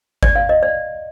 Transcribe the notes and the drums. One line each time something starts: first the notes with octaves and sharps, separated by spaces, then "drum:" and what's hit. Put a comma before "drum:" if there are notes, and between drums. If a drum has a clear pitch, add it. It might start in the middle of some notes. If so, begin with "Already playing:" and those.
D5, drum: kick G#1
F5
D#5
D5